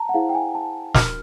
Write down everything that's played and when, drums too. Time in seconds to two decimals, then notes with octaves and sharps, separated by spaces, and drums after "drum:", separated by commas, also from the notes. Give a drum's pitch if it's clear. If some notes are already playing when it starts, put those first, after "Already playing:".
Already playing: A5 A#5
0.09 F#5
0.14 E4 G#4 C5 F5
0.29 G5
0.35 G#5
0.55 A5
0.95 D4 F#4 A#4 F6, drum: snare